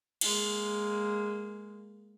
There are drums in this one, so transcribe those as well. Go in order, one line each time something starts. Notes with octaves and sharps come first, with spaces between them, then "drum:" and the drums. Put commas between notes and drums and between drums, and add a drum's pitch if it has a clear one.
G#3 A#3, drum: cymbal